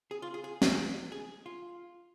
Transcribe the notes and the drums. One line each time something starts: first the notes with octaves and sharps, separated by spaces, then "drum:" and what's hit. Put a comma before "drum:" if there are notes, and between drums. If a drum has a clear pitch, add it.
G#4
F4
G#4
G#4
G#4, drum: snare
G#4
F4